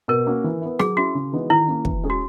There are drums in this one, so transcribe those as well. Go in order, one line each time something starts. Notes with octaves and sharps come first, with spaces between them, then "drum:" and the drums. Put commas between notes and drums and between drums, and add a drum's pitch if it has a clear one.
B2 A#4
A#3 C#4 F#4
E3
B3 E4
F#3 G#4, drum: rim click
C#4 E4 F#4
C#3
E3 G#3 B3 D#4
D#3 E4
A#3 C#4
E3, drum: kick
G#3 C#4 G#4
F#4